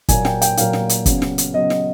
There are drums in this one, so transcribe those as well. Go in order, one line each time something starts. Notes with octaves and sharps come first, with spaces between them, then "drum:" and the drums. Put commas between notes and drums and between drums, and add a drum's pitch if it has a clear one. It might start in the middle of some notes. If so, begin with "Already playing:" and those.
A#2 F#3 A#3 G#5, drum: kick, hi-hat
G5, drum: snare
G5, drum: hi-hat
A#2 F#3 A#3 F5, drum: hi-hat
drum: snare
drum: hi-hat
C#3 F#3 B3, drum: kick, hi-hat
drum: snare
drum: hi-hat
C#3 F#3 B3 D#5
drum: snare